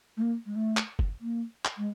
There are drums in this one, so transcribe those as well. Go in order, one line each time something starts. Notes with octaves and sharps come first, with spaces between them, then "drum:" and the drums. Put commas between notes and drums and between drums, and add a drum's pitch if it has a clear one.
A3
A#3
G#3
A3
drum: clap
drum: kick
A#3
drum: clap
G#3